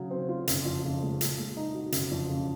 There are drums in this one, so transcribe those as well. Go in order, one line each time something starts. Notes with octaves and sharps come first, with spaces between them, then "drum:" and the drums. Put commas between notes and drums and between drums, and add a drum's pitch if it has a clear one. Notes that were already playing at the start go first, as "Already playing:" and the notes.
Already playing: C#3 F#3
C4
F4
F#1, drum: hi-hat
F2
C#3
G#3
A#2, drum: hi-hat
G#3
D#4
F#4
F#1, drum: hi-hat
F2
C#3